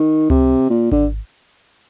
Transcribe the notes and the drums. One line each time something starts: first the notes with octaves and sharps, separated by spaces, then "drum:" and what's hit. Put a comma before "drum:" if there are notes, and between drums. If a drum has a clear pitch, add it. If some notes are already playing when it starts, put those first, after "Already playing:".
Already playing: D#3
C3, drum: tom C#2
A#2
D3, drum: kick G#1